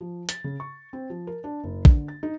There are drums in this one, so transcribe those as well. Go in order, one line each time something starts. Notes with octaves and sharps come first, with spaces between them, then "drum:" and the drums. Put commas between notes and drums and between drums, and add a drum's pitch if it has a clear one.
F3
A6, drum: hi-hat
C#3
C#6
C4
F3
A#4
D4
F#1
D3, drum: kick
A6
D#4